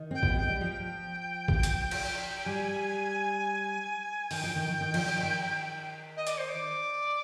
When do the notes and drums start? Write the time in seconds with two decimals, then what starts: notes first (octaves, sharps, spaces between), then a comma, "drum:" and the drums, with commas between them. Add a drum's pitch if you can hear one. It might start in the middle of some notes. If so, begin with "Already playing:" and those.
Already playing: D#3
0.11 C4 G5
0.23 B3, drum: kick A1
0.36 G#3 G5
0.49 G3
0.60 F3 G5
1.48 drum: kick A1
1.63 drum: hi-hat
1.91 drum: cymbal
2.45 G3 G#5
4.31 D#3 G5, drum: open hi-hat
4.44 F3
4.56 D#3
4.68 F3
4.81 D#3
4.94 F3, drum: cymbal
5.06 D#3
5.23 D#3
6.16 D#5
6.27 D5, drum: hi-hat
6.37 C5
6.48 D5